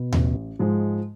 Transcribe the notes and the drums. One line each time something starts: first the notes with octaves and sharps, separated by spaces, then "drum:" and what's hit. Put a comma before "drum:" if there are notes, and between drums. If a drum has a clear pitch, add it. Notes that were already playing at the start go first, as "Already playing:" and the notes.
Already playing: B2
A1, drum: tom D#2
G#2 F3 G#3